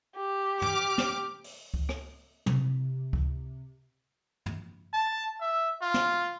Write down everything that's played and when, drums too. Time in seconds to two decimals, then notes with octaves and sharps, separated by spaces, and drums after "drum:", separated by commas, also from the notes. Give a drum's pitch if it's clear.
0.16 G4
0.62 D6 F6, drum: tom
0.98 drum: snare
1.44 drum: open hi-hat
1.74 drum: kick C#2
1.89 drum: rim click
2.46 C3, drum: tom
3.13 drum: kick C#2
4.46 drum: tom
4.93 A5
5.41 E5
5.82 F4
5.94 drum: snare